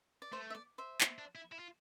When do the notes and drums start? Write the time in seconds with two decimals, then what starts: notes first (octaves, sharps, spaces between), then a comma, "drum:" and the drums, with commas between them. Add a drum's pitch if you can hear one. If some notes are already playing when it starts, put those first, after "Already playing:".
0.22 D5
0.32 A3 C5
0.50 E5
0.55 D5
0.78 C5 E5
1.01 B3, drum: clap
1.19 D4
1.35 E4
1.52 E4
1.59 F4